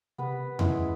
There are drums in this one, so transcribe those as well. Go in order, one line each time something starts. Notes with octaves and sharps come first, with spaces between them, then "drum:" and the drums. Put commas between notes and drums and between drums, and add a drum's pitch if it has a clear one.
C3 B3 B4
F#2 G#3 E4, drum: tom E2